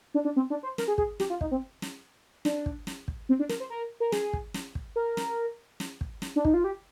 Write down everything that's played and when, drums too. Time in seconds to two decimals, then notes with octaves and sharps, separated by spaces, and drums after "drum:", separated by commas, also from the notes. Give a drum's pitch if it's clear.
0.14 D4
0.25 D4
0.36 C4
0.50 D4
0.63 C5
0.78 A#4, drum: snare
0.88 G#4
0.98 G#4, drum: kick
1.20 G4, drum: snare
1.30 F4
1.41 D#4, drum: kick
1.51 C4
1.82 drum: snare
2.45 D4, drum: snare
2.66 drum: kick
2.87 drum: snare
3.08 drum: kick
3.29 C4
3.39 D4
3.49 A#4, drum: snare
3.60 C5
3.70 A#4
4.00 A#4
4.12 G#4, drum: snare
4.33 drum: kick
4.54 drum: snare
4.75 drum: kick
4.96 A#4
5.17 drum: snare
5.80 drum: snare
6.01 drum: kick
6.22 drum: snare
6.36 D4
6.45 D#4, drum: kick
6.54 F4
6.64 G4